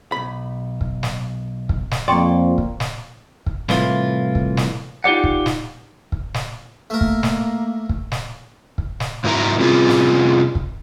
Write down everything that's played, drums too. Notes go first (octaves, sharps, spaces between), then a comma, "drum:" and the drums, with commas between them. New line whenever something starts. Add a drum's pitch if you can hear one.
B1 B5
drum: kick
drum: snare
drum: kick
drum: snare
F2 F3 A#3 D5 G5 C6 C#6
drum: kick
drum: snare
drum: kick
C2 A2 E3 F4, drum: snare
drum: kick
drum: snare
D#4 F4 G4 D5 F#5
drum: kick
drum: snare
drum: kick
drum: snare
A3 A#3 A#4
drum: kick
drum: snare
drum: kick
drum: snare
drum: kick
drum: snare
G#2 F#3 E4 A#4 G#5 A#5
C3 C4 C#4 F4 G#4
drum: snare
drum: kick